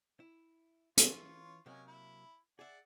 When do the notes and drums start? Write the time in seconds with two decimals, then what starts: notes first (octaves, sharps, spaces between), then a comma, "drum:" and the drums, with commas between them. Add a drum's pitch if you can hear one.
0.20 E4
0.97 E3 C#4 F4 C#5, drum: hi-hat
1.66 C3 F#3 A#3 C#4 D#5
1.87 E4
2.59 G#4 D5 E5 F#5